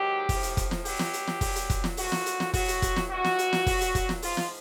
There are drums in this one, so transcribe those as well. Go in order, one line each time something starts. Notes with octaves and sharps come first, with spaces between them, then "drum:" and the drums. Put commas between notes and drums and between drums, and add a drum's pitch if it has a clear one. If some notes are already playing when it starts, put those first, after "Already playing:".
Already playing: G#2 D#3 F#3 G4
A2 F3, drum: kick, open hi-hat
drum: hi-hat
drum: kick, hi-hat
drum: snare
B2 F#3 G4, drum: open hi-hat
drum: snare
drum: hi-hat
drum: snare
A#2 F#3, drum: kick, open hi-hat
drum: hi-hat
drum: kick, hi-hat
drum: snare
F#2 D3 F3 F#4, drum: open hi-hat
drum: snare
drum: hi-hat
drum: snare
A2 F#3 F#4, drum: kick, open hi-hat
drum: hi-hat
drum: kick, hi-hat
drum: snare
G2 E3 F#4
drum: snare
drum: hi-hat
drum: snare
A#2 F#3, drum: kick, open hi-hat
drum: hi-hat
drum: kick, hi-hat
drum: snare
G#2 F3 F4, drum: open hi-hat
drum: snare